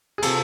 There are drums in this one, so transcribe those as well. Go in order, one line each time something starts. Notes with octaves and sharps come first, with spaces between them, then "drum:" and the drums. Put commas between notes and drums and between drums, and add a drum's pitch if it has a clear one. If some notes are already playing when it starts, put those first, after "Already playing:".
G#4
C3 A4, drum: cymbal